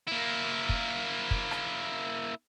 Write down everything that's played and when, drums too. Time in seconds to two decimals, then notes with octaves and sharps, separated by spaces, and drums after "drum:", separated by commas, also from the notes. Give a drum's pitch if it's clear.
0.08 A#3 E4
0.69 drum: kick
1.31 drum: kick
1.51 drum: rim click